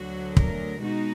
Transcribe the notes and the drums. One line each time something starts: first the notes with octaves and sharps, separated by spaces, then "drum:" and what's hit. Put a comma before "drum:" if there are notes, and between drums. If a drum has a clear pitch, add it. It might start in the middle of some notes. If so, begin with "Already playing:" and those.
Already playing: D2 D3 F#3 F#4
A#4, drum: kick
B2 G#3 D#4 F#4